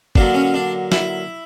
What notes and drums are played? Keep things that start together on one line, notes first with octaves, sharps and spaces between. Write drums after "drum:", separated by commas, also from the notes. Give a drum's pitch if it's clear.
D3 F#3 A#3 D4, drum: kick G1
C#4
D4
E4, drum: snare